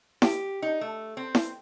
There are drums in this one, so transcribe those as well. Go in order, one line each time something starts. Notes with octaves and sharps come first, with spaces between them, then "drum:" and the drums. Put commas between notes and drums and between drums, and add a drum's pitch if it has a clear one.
G4, drum: snare E4
D#4
A3
C4
drum: snare E4